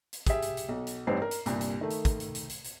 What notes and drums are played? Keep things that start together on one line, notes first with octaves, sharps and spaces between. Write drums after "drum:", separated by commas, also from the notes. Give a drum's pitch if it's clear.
drum: hi-hat
G4 G#4 E5, drum: kick, hi-hat
drum: hi-hat
drum: hi-hat
B1
drum: hi-hat
A1 G2 C4 D#4 B4 C7
A#4
drum: hi-hat
C2 G2 A#2, drum: hi-hat
drum: hi-hat
D#3 A3
drum: hi-hat
drum: kick, hi-hat
drum: hi-hat
drum: hi-hat
drum: hi-hat
drum: hi-hat